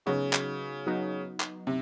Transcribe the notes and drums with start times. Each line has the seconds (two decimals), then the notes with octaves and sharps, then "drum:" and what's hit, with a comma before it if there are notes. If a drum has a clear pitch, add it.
0.06 C#3 F#3 B3 D#4 F#4
0.33 drum: clap
0.87 F#3 B3 D#4 F#4
1.40 drum: clap
1.67 C3